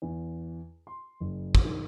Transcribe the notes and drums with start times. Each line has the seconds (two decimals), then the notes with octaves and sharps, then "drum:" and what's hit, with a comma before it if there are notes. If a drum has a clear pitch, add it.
0.02 E2
0.87 C6
1.20 F#1
1.55 drum: kick
1.65 D#3